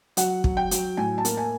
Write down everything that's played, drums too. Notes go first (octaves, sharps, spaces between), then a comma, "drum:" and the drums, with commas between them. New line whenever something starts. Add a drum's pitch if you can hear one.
F#3 F#5, drum: hi-hat
F#3, drum: kick
G5
F#3, drum: hi-hat
A2 G#5
A5
A#3, drum: hi-hat
G#5